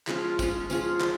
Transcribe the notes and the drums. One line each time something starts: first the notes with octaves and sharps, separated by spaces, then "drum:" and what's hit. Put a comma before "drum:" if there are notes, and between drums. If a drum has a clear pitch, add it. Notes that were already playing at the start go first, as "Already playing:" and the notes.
F3 G#3 C#4 F4, drum: clap
F3 G#3 C#4 F4, drum: kick, tambourine
F3 C#4 F4 G#4, drum: tambourine
F3, drum: clap